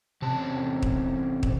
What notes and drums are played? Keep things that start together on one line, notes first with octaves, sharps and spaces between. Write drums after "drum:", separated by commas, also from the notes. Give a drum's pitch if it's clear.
E2 C3 C#4 A5
drum: kick
drum: kick